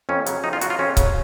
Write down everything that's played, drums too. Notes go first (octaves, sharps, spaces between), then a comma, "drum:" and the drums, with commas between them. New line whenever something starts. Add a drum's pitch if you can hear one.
F2 C#4
C#3 F#3, drum: hi-hat
F2 D#4
F4
C#3 F#3 F#4, drum: hi-hat
F4
F2 C#4
C#3 F#3, drum: kick C#1, hi-hat